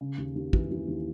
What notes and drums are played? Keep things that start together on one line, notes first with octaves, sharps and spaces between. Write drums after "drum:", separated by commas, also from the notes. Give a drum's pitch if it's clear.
C#3
D#2
D#2
E3, drum: kick
E3
D#2